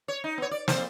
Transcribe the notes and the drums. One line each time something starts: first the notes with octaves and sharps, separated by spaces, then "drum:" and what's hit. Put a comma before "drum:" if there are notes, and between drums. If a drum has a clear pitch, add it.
C#5
D#4
B3 C#5
D5
F2 A3 C5, drum: snare